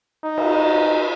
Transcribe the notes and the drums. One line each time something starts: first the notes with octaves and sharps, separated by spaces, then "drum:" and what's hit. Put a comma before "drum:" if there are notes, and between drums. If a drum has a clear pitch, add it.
D#4
drum: cymbal